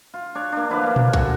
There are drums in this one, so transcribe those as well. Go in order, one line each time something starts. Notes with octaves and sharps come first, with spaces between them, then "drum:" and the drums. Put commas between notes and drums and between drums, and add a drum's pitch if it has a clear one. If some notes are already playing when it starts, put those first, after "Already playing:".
F4
D4 C#5
A#3 D4
D3 F3 E4 B4
A#3 F5
drum: tom A#2
F#4 A4 F#5 G#5, drum: kick, hi-hat